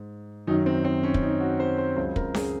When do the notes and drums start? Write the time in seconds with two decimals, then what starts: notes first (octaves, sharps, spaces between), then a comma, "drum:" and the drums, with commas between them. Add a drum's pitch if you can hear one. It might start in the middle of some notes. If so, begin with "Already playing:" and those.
Already playing: G#2
0.47 F#2 D#3 F#3 D#4
0.66 C4
0.85 C4
1.03 C#4
1.14 C#4, drum: kick
1.22 D#4
1.40 F#4
1.60 C5
1.78 C5
1.97 C#2 C#3 F#3 C5
2.16 A#4, drum: kick
2.34 G#4, drum: snare C#4